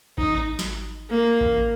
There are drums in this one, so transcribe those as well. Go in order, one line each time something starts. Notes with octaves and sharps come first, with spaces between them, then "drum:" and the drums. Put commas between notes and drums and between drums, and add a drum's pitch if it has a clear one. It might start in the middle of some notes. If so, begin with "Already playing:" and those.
D#4, drum: kick A1
drum: snare
A#3
drum: kick A1